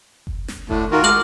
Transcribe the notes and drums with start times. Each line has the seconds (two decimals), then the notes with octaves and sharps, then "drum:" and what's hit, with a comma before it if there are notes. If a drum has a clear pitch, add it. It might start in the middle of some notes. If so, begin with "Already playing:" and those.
0.27 drum: kick F#1
0.48 drum: snare
0.69 A2 D3 A3 D4, drum: kick F#1
0.91 D#3 F4 F#4 A#4
1.04 G#3 D6 F6 F#7